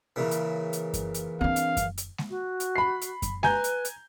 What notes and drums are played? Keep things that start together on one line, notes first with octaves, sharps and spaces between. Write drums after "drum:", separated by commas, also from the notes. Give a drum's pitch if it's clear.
A#2 C#3 E3
drum: hi-hat
drum: hi-hat
drum: kick F#2, hi-hat
drum: hi-hat
C4 D4 F5
drum: hi-hat
drum: kick F#2, hi-hat
drum: hi-hat
drum: snare G#3
F#4
drum: hi-hat
B5 C7
drum: hi-hat
drum: kick F#2, hi-hat
B4 G#5 A#5 G6, drum: snare G#3
drum: hi-hat
drum: hi-hat